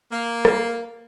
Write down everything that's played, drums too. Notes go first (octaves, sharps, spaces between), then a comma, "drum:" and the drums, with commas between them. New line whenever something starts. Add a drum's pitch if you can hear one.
A#3
drum: rim click